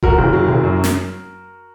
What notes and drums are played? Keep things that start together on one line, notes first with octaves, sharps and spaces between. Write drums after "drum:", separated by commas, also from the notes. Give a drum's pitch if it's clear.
F#3 F#4 A#4, drum: kick F1
F#1
F#3
F#1
F#2
drum: snare